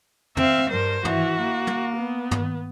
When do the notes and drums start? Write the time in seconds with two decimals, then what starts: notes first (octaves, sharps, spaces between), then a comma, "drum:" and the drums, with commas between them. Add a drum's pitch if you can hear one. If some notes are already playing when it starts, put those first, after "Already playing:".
0.37 C4 E5 F5, drum: tom
0.71 G2 A#4 C5
1.05 E3 E4 F#4, drum: tom
1.41 A#3
1.67 drum: tom
1.96 B3
2.31 drum: tom